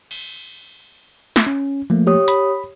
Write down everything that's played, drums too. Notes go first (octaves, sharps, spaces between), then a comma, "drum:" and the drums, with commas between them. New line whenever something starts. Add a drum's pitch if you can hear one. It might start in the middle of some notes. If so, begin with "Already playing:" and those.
drum: cymbal
drum: snare
C#4
F3 A3 A#3
G4 C#5 D#6
B5, drum: hi-hat